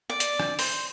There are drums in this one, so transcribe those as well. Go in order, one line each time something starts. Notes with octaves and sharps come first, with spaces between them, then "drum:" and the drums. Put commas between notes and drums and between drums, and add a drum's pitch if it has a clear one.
D5
drum: hi-hat
drum: rim click
C5, drum: open hi-hat